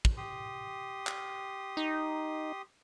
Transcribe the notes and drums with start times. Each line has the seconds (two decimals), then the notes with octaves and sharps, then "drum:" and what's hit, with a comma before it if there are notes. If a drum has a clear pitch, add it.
0.05 drum: kick
0.17 G4 C6 D#6
1.07 drum: clap
1.77 D#4